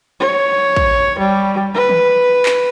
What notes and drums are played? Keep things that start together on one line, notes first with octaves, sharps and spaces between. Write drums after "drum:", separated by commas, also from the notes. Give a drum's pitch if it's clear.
C#5
drum: kick
G3
B4
drum: tom D#3
drum: clap